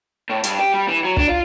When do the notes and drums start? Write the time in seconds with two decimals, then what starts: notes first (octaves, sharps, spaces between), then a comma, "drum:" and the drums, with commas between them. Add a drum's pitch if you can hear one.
0.29 A2
0.44 G2, drum: hi-hat
0.59 G4
0.74 G3
0.88 E3
1.04 F#3
1.17 D4, drum: kick
1.29 F4